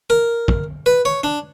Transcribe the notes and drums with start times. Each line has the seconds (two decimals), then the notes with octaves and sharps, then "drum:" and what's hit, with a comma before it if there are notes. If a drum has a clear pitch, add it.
0.10 A#4
0.48 drum: kick
0.86 B4
1.05 C#5
1.24 D4